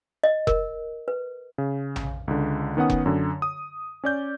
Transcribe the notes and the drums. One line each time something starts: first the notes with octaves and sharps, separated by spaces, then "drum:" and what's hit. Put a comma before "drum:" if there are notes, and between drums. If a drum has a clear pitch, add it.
D#5
A#4, drum: kick F1
B4
C#3
drum: tom A#1
C#2 D3
D#3 B3 C#4 F#5 D#6
drum: kick F1
F#2 D3
D#6
C#4 D5 G6